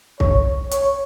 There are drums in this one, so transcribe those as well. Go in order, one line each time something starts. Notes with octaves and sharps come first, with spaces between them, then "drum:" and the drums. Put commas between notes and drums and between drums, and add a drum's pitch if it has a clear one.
C#5, drum: kick
C#5, drum: hi-hat